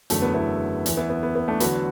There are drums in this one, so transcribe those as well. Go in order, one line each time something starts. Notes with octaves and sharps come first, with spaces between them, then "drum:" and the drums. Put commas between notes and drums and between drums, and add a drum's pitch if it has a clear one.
F#1 E2 D3 F#3 A3, drum: hi-hat
B3
B3 E4
E2 E3, drum: hi-hat
B3 E4
B3
B3
B3
A3 D4
E2 D3 F#3 F#4 B4, drum: hi-hat